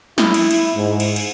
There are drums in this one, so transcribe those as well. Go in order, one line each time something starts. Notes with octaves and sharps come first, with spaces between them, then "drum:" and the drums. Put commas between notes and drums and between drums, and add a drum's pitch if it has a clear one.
E4, drum: snare
drum: cymbal
drum: cymbal
G#2
drum: cymbal
drum: cymbal